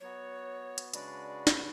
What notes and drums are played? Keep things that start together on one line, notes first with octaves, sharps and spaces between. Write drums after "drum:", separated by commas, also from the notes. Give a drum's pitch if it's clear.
F#3 B3 F#4 C#5
drum: hi-hat
C#3 G#3 D4 F#4 B4 D5, drum: hi-hat
drum: snare